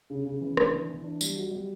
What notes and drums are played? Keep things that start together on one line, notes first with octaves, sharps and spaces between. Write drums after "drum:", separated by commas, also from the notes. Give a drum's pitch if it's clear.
C#3
C#3
E3
D4, drum: rim click
E3
E3
D4
G3, drum: tambourine
F#4
G3